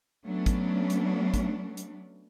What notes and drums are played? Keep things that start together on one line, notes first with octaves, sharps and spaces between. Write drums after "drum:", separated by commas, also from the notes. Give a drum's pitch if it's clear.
F#3 A3 B3 C#4 D4
drum: kick, hi-hat
drum: hi-hat
drum: kick, hi-hat
drum: hi-hat